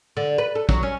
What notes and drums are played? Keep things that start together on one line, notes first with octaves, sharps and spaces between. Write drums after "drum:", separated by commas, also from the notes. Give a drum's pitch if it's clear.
D3
B4
A4
F#3, drum: kick
C#4